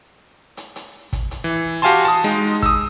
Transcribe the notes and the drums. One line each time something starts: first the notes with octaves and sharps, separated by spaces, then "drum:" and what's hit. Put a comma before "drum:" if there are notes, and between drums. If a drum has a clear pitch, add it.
drum: hi-hat
drum: hi-hat
drum: kick, hi-hat
drum: hi-hat
E3
F#4 G4 F5 G#5 A5 C6
A5 D#6, drum: hi-hat
G#3 D#4, drum: hi-hat
D#6 E6, drum: kick, hi-hat